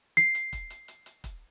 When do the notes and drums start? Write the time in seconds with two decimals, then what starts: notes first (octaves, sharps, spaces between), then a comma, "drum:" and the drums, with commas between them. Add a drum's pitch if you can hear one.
0.17 C7, drum: hi-hat
0.35 drum: hi-hat
0.53 drum: kick, hi-hat
0.70 drum: hi-hat
0.88 drum: hi-hat
1.06 drum: hi-hat
1.24 drum: kick, hi-hat